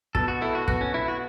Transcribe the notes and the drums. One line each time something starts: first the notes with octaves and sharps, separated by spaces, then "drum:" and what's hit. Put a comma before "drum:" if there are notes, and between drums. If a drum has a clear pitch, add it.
B2 A4, drum: kick
F#4
E4 A4
F#4
B3 F#4, drum: kick
C#4
B2 E4
F#4